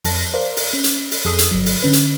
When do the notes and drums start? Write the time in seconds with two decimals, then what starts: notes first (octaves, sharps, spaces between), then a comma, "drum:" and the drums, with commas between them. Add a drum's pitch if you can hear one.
0.04 F2 A5 A#6, drum: open hi-hat
0.33 A#4 C5 D5 F5
0.57 drum: open hi-hat
0.73 C#4
0.84 drum: hi-hat
1.11 drum: open hi-hat
1.25 F2 G#4 A4 D#6 E6 C7
1.39 drum: hi-hat
1.51 G1 F#3
1.66 drum: open hi-hat
1.82 D3 C#4 B4
1.93 drum: hi-hat